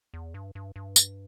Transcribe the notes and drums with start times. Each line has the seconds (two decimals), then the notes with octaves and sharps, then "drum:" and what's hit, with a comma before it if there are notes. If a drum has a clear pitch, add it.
0.14 E2
0.34 G2
0.55 G2
0.76 G2
0.96 drum: tambourine